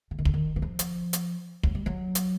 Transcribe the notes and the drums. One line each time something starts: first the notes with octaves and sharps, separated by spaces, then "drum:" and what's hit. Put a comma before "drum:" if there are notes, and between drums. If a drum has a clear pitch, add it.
E3
D#3
D3, drum: kick
D#3
E3
F3
drum: hi-hat
drum: hi-hat
F#3, drum: kick
G3
F#3
drum: hi-hat